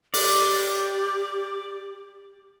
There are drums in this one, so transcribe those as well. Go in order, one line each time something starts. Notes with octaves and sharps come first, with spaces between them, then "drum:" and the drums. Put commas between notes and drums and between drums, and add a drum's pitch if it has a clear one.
G4 D5, drum: open hi-hat